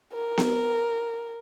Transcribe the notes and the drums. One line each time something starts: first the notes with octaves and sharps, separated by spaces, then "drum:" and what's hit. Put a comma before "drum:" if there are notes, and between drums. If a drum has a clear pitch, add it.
A#4
drum: snare B3